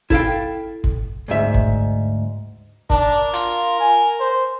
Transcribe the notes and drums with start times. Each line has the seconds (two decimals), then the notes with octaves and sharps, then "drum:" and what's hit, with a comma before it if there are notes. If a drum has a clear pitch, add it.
0.10 E4 A4 F5 G5, drum: kick
0.84 drum: kick
1.28 D2 G#2 E5
1.54 drum: kick
2.90 D4 A#4, drum: kick
3.33 F4, drum: hi-hat
3.80 G#5
4.20 C5